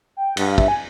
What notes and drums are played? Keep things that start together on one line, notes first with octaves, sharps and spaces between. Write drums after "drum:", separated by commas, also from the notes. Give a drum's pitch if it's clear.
G5
G2 F#5, drum: cymbal
F5
E5, drum: kick
G#5